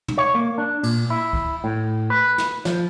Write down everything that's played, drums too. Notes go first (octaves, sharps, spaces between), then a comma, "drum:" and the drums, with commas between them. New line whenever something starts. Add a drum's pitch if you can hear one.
drum: tom
C#5
A#3
D4
A#2, drum: cymbal
E4
drum: kick
A2
B4
drum: snare
F3, drum: snare